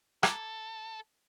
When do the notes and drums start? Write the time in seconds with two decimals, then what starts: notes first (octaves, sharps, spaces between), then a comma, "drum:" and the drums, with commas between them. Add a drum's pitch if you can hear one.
0.23 A4 A#5 D6 G#6, drum: rim click